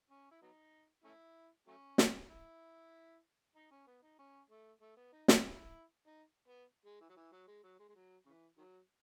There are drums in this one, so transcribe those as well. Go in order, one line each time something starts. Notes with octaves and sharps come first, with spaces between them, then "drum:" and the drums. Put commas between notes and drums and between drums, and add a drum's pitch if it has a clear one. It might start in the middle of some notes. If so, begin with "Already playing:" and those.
C#4
E4
F#3 B3 D#4
A3 C#4 E4
F#3 A3 C#4
drum: snare
E4
D#4
C#4
B3
D#4
C#4
A3
A3
B3
D#4
E4, drum: snare
D#4
B3
G#3
E3
F#3
E3
F#3
G#3
F#3
G#3
G#3
F#3
C#3 E3
D#3 F#3